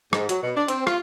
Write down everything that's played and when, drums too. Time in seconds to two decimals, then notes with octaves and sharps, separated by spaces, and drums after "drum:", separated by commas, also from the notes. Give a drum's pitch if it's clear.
0.13 G#2, drum: rim click
0.29 F#3, drum: hi-hat
0.43 B2
0.56 D4
0.68 C4, drum: hi-hat
0.87 F4, drum: rim click